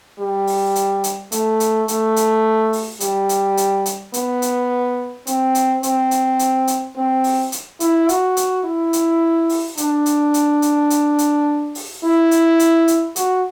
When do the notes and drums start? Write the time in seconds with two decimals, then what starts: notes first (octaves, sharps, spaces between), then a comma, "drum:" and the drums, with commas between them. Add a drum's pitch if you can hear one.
0.19 G3
0.47 drum: open hi-hat
0.75 drum: hi-hat
1.04 drum: hi-hat
1.32 A3, drum: hi-hat
1.60 drum: hi-hat
1.88 A3, drum: hi-hat
2.16 drum: hi-hat
2.73 drum: open hi-hat
3.00 G3, drum: hi-hat
3.29 drum: hi-hat
3.57 drum: hi-hat
3.86 drum: hi-hat
4.14 B3, drum: hi-hat
4.42 drum: hi-hat
5.27 C4, drum: hi-hat
5.55 drum: hi-hat
5.83 C4, drum: hi-hat
6.11 drum: hi-hat
6.39 drum: hi-hat
6.67 drum: hi-hat
6.96 C4
7.24 drum: open hi-hat
7.52 drum: hi-hat
7.80 E4, drum: hi-hat
8.09 F#4, drum: hi-hat
8.37 drum: hi-hat
8.65 E4
8.93 drum: hi-hat
9.49 drum: open hi-hat
9.77 D4, drum: hi-hat
10.06 drum: hi-hat
10.34 drum: hi-hat
10.62 drum: hi-hat
10.90 drum: hi-hat
11.19 drum: hi-hat
11.75 drum: open hi-hat
12.04 E4
12.31 drum: hi-hat
12.59 drum: hi-hat
12.88 drum: hi-hat
13.16 F#4, drum: hi-hat